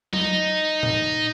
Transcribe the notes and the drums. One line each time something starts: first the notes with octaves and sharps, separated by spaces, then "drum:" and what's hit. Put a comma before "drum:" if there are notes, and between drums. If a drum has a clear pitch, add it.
D#4, drum: tom F#3
drum: tom A2